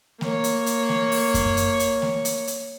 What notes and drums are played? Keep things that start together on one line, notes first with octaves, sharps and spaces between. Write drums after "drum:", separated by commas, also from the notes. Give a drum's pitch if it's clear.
A#3 C#5, drum: snare A3
drum: hi-hat
drum: hi-hat
drum: snare A3
drum: open hi-hat
drum: kick F#2, hi-hat
drum: hi-hat
drum: hi-hat
drum: snare A3
drum: hi-hat
drum: hi-hat